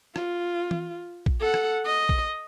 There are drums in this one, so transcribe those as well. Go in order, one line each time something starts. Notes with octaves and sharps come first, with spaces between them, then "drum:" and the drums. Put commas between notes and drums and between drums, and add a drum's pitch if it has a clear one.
F4, drum: rim click
drum: tom E3
drum: kick
A4 F#5
drum: rim click
D#5
drum: kick